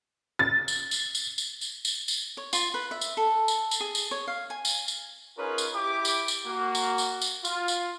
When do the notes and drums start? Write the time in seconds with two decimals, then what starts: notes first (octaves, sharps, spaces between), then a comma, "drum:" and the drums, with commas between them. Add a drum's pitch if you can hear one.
0.39 A6
0.68 drum: tambourine
0.91 drum: tambourine
1.15 drum: tambourine
1.38 drum: tambourine
1.61 drum: tambourine
1.85 drum: tambourine
2.08 drum: tambourine
2.37 C#5
2.53 F4, drum: tambourine
2.74 B4
2.91 E5
3.01 drum: tambourine
3.17 A4
3.48 drum: tambourine
3.71 drum: tambourine
3.80 G#4
3.95 drum: tambourine
4.11 C#5
4.28 F5
4.50 G#5
4.65 drum: tambourine
4.88 drum: tambourine
5.38 C#4 D#4 F4 G#4 A#4 B4
5.58 drum: tambourine
5.75 E4 G4 D6
6.05 drum: tambourine
6.28 drum: tambourine
6.46 A#3 F#4
6.75 drum: tambourine
6.98 drum: tambourine
7.21 drum: tambourine
7.45 F4, drum: tambourine
7.68 drum: tambourine